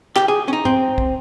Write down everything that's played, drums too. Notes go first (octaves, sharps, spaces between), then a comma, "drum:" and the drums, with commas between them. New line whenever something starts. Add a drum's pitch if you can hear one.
G4, drum: clap
G#4
C#4
D#4
C4, drum: tom
drum: kick